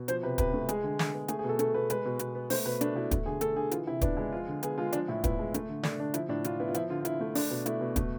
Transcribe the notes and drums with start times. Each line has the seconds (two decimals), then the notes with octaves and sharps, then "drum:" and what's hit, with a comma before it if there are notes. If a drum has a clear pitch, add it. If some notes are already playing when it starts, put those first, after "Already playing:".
Already playing: B2
0.08 F3 C5, drum: hi-hat
0.23 C3 B4
0.38 C3 B4, drum: kick, hi-hat
0.54 A3
0.69 G#3 G#4, drum: hi-hat
0.83 D3
0.99 D3, drum: snare
1.14 B3
1.28 A3 G#4, drum: hi-hat
1.39 G#4
1.44 B2 A4
1.59 A3 A4, drum: hi-hat
1.74 B2 B4
1.90 G#3 B4, drum: hi-hat
2.05 B2
2.19 B2, drum: hi-hat
2.35 B3
2.50 A3 C5, drum: open hi-hat
2.66 B2 B4
2.81 A3 D4, drum: hi-hat
2.95 B2 E4
3.11 A3, drum: kick, hi-hat
3.26 D3 G#4
3.41 A3 A4, drum: hi-hat
3.56 D3 G#4
3.71 E3 F4, drum: hi-hat
3.87 C3 E4
4.01 B3 D4, drum: kick, hi-hat
4.17 G#3 E4
4.32 F3 F4
4.48 D3
4.63 B3 G#4, drum: hi-hat
4.78 G#3 F4
4.93 F3 D4, drum: hi-hat
5.08 A2 E4
5.24 B3 E4, drum: kick, hi-hat
5.39 G#3
5.54 A3, drum: hi-hat
5.69 D3
5.83 A3 D4, drum: snare
6.00 D3 D4
6.14 F3 E4, drum: hi-hat
6.29 A2 D4
6.44 A2 F4, drum: hi-hat
6.60 B3 E4
6.68 F4
6.74 F3 E4, drum: hi-hat
6.90 D3 F4
7.00 F4
7.05 D3 E4, drum: hi-hat
7.21 A3
7.35 A3 D4, drum: open hi-hat
7.50 B2
7.66 A3 E4, drum: hi-hat
7.81 B2
7.96 A3, drum: kick, hi-hat